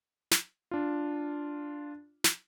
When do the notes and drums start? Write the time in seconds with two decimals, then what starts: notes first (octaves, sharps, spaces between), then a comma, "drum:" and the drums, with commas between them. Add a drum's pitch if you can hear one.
0.31 drum: snare
0.71 D4 F4
2.24 drum: snare